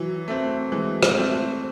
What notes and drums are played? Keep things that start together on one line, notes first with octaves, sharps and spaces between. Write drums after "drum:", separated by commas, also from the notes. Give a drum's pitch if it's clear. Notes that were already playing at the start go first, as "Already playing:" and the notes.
Already playing: E3 F#3
A3 C4
E3 G#3
drum: rim click
A3 C4